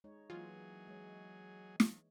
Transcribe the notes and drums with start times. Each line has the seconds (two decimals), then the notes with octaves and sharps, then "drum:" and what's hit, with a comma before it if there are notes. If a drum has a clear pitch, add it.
0.04 G#3 D#4 C#5
0.30 E3 F#3 A#3 F4 G#4
0.87 G#3 C#5
1.80 drum: snare